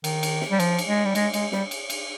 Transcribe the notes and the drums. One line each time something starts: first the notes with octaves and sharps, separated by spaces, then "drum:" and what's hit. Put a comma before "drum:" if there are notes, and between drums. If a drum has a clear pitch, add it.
D#3, drum: cymbal
drum: cymbal
drum: snare
G3
F3, drum: cymbal
drum: cymbal
G#3
G3
G#3, drum: cymbal
G#3, drum: cymbal
G3, drum: snare
drum: cymbal
drum: cymbal